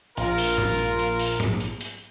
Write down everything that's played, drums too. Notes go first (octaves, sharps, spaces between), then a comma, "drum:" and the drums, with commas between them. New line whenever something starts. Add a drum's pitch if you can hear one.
A#1 F4 A#4, drum: hi-hat
drum: open hi-hat
drum: tom G2
drum: hi-hat
drum: hi-hat
drum: open hi-hat
drum: tom G#2
drum: hi-hat
drum: hi-hat